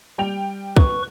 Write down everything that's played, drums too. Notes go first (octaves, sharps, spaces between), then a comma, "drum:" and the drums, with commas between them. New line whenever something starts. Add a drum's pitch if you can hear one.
G3 G5 F7
B4 C#6, drum: kick